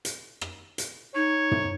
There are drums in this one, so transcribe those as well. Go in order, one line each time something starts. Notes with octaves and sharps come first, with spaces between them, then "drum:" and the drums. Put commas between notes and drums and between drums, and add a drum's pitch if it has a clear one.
drum: hi-hat
drum: rim click
drum: hi-hat
D#4 C#5
drum: tom